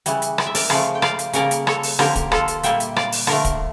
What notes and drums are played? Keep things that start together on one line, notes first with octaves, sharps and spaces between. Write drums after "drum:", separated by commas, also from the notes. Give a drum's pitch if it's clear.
C#3 E3 G3, drum: hi-hat
drum: hi-hat
D5, drum: rim click
E5
A#4 D5, drum: open hi-hat
C#3 F3 A3 D5 F5, drum: rim click
G5
D5 F5, drum: rim click
drum: hi-hat
C#3 G3 A#3 A#4 D5, drum: hi-hat
drum: hi-hat
A4 C#5, drum: rim click
drum: open hi-hat
D3 F3 A#3 G4 A#4, drum: rim click
drum: kick, hi-hat
F4 A4, drum: rim click
drum: hi-hat
A#2 G3 A#3 E5 G5, drum: hi-hat
drum: hi-hat
D5 F5, drum: rim click
drum: open hi-hat
D3 F3 A3 A#4 D5, drum: rim click
drum: kick, hi-hat